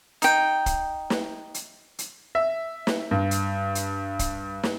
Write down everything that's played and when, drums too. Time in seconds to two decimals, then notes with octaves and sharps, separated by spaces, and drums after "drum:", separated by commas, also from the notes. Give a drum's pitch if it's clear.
0.22 D#4 G5, drum: hi-hat
0.66 drum: kick, hi-hat
1.10 drum: snare
1.54 drum: hi-hat
1.99 drum: hi-hat
2.35 E5
2.87 drum: snare
3.11 G2
3.31 drum: hi-hat
3.75 drum: hi-hat
4.19 drum: kick, hi-hat
4.63 drum: snare